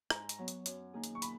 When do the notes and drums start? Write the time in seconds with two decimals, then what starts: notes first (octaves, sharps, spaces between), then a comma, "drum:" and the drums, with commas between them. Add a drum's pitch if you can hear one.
0.10 G#2 A#5, drum: rim click
0.29 drum: hi-hat
0.38 F#3 B3
0.48 drum: hi-hat
0.66 F#2, drum: hi-hat
0.94 D#3 A#3 D#4 G#4
1.04 drum: hi-hat
1.15 C#6
1.22 A#2 B5, drum: hi-hat